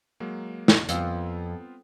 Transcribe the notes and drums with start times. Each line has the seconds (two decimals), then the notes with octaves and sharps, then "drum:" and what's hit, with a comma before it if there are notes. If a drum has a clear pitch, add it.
0.20 F#3 G#3 A#3
0.68 drum: snare
0.89 F2 B3 C4 F4, drum: hi-hat